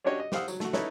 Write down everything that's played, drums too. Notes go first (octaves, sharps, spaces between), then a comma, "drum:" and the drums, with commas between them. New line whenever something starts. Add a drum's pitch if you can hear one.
C#4 D4 F#4 G4 C#5 D#5
D#5
G4 C5 F5 F#5 D#6 E6, drum: snare
F#3, drum: tambourine
A3 F#4, drum: snare
C#4 D#4 E4 A4 B4 C#5, drum: snare